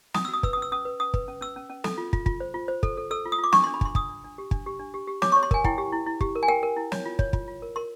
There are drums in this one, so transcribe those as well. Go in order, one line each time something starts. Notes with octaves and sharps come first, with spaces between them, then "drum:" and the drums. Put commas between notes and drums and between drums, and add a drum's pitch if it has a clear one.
C#4 D#6, drum: snare
F#4 E6
D#6
B4 E6, drum: kick
C#4 D#6
E6
C#4 D#6
B4
C#4 D#6
B4, drum: kick
C#4
C#4 E6
C#4
C#4
A4, drum: snare
F4
F4, drum: kick
F4, drum: kick
C5
F4
C5
A4, drum: kick
A4
A4 E6
F4
D#6
F4
D6
D4 C#6, drum: snare
D4 C6
B5
D4 C6, drum: kick
D4 D#6, drum: kick
D4
D4
G4
D4, drum: kick
G4
D4
G4
G4
C#5 D6, drum: snare
C#5 C#6
C6
A#4 G#5, drum: kick
E4 G5, drum: kick
G4
E4
E4
G4, drum: kick
A#4
G#5
A#4 G5
A#4
E4
C#5, drum: snare
F4
C#5, drum: kick
F4, drum: kick
F4
A#4
A#4 C6